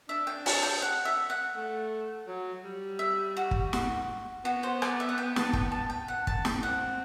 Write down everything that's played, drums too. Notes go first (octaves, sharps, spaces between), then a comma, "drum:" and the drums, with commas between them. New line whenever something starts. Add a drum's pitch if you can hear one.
D4 E5
G5
A5, drum: open hi-hat
G5
F#5
E5
F#5
A3
F#3
G3
E5
F#4
drum: kick
F#4, drum: snare
B3 F#4
C5
D5, drum: rim click
E5
F#5
G5
A5, drum: snare
G5, drum: kick
A5
G5
F#5
A5, drum: kick
G5, drum: snare
C4 F#5